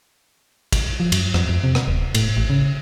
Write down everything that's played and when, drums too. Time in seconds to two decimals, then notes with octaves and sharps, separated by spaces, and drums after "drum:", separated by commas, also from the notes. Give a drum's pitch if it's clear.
0.72 drum: kick, cymbal
1.00 F3
1.12 F#2, drum: cymbal
1.34 F2, drum: rim click
1.49 F2
1.64 C3
1.75 drum: rim click
1.88 D#1
2.15 A2, drum: cymbal
2.37 A1
2.50 C#3